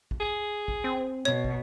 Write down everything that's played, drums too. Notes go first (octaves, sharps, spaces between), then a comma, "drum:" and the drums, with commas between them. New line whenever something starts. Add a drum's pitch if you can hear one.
drum: kick
G#4
drum: kick
C4
B2 C#5
drum: kick